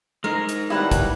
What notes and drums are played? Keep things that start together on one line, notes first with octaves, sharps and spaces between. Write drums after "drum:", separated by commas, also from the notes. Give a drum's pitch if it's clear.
G#3 D#4 A#4
drum: hi-hat
G#1 D#2 G3 E4 B4 F#5
drum: kick, hi-hat